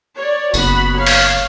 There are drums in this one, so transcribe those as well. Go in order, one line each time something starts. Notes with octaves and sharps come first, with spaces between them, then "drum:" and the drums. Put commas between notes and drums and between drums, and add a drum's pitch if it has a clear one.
C#5 D5
F#1 B3 F#4 B5, drum: tambourine
C#5 F5
drum: open hi-hat